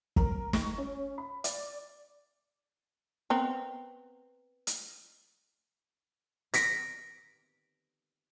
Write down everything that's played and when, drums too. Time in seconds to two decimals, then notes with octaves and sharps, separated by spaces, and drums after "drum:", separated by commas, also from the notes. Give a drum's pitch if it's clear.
0.16 A#4, drum: kick
0.53 C#6, drum: snare
0.78 C#4
1.18 B5
1.44 D5, drum: hi-hat
3.30 B3 C4 A#4
4.67 drum: hi-hat
6.54 A#6 B6 D7, drum: hi-hat